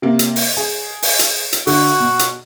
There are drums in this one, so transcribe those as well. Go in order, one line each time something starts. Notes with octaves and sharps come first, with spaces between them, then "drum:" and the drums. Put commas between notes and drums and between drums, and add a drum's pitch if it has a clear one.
C3 A#3
drum: hi-hat
drum: open hi-hat
G#4
drum: open hi-hat
drum: hi-hat
drum: hi-hat
D3 F#4, drum: open hi-hat
B2
drum: hi-hat